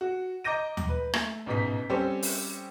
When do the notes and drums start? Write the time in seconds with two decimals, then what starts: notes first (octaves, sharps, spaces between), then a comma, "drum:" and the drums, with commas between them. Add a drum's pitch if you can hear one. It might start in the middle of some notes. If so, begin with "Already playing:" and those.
0.01 F#4
0.44 D#5 A#5 D6 G6 A#6 D#7
0.77 drum: tom D#2
0.89 B4
1.13 A3, drum: rim click
1.46 A1 G#2 B2 D#4 B6
1.89 G3 C4 C#4 G4 A4 C5
2.23 drum: open hi-hat